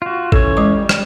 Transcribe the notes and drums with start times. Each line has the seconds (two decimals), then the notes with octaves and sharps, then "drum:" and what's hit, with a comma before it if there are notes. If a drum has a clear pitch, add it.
0.02 F4 F#4
0.32 E3 C#4 A4 C#5, drum: kick A1
0.57 G#3 D6
0.77 G3
0.89 drum: rim click